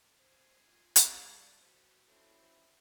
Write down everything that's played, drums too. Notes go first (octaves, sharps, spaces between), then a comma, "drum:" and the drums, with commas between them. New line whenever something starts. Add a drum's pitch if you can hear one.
G#4 C5
F4
drum: hi-hat
G3 D5 A5
B3 F#4 C5
C4 C#4 E4 A4 C5
C5